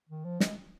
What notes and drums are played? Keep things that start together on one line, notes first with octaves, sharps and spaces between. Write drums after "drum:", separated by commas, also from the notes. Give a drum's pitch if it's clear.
D#3
F3
G#3, drum: snare